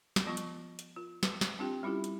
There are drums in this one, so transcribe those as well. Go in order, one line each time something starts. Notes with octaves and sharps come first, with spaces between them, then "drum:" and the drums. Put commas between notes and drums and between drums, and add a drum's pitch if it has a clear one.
drum: snare
F3 B3 F4 C#6
drum: hi-hat
drum: hi-hat
F4
B4, drum: snare
drum: snare
C4 D4 F4 G4 G5
G3 C#4 E4 F4 G4
drum: hi-hat